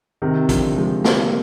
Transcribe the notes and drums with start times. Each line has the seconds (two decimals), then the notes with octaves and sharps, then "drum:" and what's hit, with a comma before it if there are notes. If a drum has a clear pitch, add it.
0.22 C3 D#3
0.49 D3 F3, drum: kick A1, hi-hat
0.77 F3 G#3
1.04 G3 A#3, drum: snare